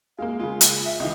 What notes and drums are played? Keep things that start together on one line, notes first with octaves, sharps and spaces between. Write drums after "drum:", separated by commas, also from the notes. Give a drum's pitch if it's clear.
G#3 A#3 F5
C#3 G#3 F4
drum: hi-hat
E5
C#2 E3 D#5